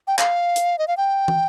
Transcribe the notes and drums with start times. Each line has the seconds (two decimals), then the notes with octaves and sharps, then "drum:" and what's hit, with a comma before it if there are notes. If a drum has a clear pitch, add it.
0.07 G5
0.18 F5, drum: clap
0.56 drum: hi-hat
0.79 D#5
0.88 F5
0.97 G5
1.28 drum: tom